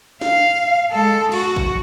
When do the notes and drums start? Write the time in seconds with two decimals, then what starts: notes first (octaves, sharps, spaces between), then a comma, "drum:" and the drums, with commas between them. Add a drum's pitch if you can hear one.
0.21 F5, drum: snare
0.91 G#3 A4
1.32 F#4, drum: cymbal
1.56 drum: kick A1